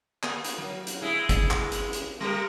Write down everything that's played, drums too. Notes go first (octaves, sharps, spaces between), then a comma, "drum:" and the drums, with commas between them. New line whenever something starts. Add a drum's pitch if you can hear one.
A#3, drum: clap
drum: hi-hat
F#3
drum: hi-hat
G#3 E4
drum: kick G1, hi-hat
drum: clap
drum: hi-hat
drum: hi-hat
G3 G4 A#4